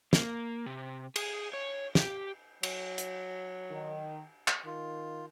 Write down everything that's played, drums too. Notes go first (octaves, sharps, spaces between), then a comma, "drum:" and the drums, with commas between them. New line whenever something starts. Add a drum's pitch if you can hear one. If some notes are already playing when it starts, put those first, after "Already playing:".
A#3, drum: snare
C3
G#4, drum: cymbal
C#5
G4, drum: snare
F#3, drum: cymbal
drum: hi-hat
D#3
drum: clap
D#3 F4